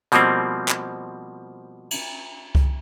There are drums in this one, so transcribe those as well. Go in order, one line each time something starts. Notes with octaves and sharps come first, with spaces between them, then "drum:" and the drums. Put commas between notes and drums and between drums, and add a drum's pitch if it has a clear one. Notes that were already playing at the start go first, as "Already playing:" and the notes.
B2 F3 G3 A#3 C4, drum: hi-hat
drum: clap
drum: cymbal
drum: kick C2